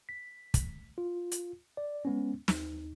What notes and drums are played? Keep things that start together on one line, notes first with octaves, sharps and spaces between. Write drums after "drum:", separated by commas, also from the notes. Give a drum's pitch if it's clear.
B6
drum: kick, hi-hat
F4
drum: hi-hat
D5
G#3 B3 C#4
D#2 D#4, drum: snare